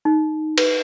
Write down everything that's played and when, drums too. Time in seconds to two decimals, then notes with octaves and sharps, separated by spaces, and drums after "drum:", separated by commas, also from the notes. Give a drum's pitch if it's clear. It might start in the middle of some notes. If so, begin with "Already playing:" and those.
0.05 D#4
0.58 B4, drum: cymbal